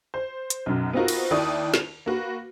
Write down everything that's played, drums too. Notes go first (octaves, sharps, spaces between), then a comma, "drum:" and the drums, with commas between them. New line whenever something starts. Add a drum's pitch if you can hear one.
C5
drum: hi-hat
B1 F#2
B3 C4 D#4 F4 F#4 A#4
drum: cymbal
D#2 E4 D5 D#6
F7, drum: snare
A#3 F#4 B4